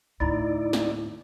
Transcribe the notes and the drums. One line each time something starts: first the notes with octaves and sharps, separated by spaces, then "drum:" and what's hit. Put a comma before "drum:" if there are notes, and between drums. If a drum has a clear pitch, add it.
D2 A2 D#4 E4 D5
drum: snare